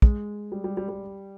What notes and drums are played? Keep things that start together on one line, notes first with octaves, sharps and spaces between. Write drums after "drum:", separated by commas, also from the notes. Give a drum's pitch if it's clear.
G#3, drum: kick
G3
G3
G3
G3